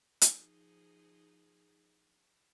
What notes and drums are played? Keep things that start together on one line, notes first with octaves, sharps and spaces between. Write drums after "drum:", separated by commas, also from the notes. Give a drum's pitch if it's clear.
F3 D#4 G#4, drum: hi-hat